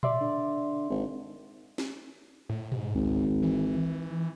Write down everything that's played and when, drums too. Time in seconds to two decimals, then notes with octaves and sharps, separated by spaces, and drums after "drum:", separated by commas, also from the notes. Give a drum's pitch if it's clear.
0.03 D5 E5 C6, drum: tom A#2
0.21 D3
0.90 G#1
1.78 drum: snare
2.49 A2
2.72 G#2, drum: tom A#2
2.95 G#1 C#2
3.43 E3